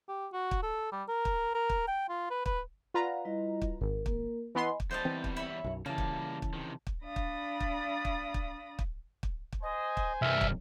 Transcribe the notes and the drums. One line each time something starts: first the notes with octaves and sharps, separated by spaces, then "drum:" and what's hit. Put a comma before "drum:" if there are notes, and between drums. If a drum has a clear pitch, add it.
G4
F#4
drum: kick
A4
G3
A#4
drum: kick
A#4
drum: kick
G5
F4
B4
B4, drum: kick
F4 B4 D5 F5 F#5 A#5
G3 E4 D#5
drum: kick
G#1 A#4
A#3 A#4, drum: kick
E3 B3 D#5 G#5 B5 C6
drum: kick
E2 G3 C5 D#5 A5
E3 C4
drum: kick
E4 C#5
B1 F#2
C#3 E3 G3 A#3 A5
drum: kick
drum: kick
C3 D#3
drum: kick
D4 D5 F5 B5 D#6 A#6
drum: kick
drum: kick
drum: kick
drum: kick
drum: kick
drum: kick
drum: kick
C5 D#5 G#5
drum: kick
C2 G2 E5 F6
drum: kick